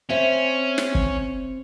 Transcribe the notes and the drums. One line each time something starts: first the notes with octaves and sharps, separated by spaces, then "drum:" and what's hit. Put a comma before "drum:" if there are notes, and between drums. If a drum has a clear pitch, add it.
C4 C#4 E5
drum: snare
drum: kick